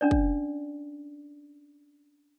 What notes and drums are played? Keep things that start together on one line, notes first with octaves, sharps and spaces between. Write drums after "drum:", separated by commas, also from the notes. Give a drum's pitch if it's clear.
C#4 D4 D5
drum: kick